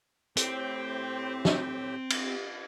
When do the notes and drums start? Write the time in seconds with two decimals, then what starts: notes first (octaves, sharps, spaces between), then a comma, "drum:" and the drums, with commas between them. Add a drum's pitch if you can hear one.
0.37 A2 C4 G4 C5, drum: hi-hat
1.45 drum: snare
2.10 drum: cymbal